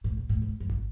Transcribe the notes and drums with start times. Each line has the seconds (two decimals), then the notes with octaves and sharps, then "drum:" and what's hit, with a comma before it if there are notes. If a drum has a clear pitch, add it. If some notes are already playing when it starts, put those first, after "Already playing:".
0.04 A2
0.17 A#2
0.29 A2
0.42 G#2
0.60 F#2
0.70 drum: kick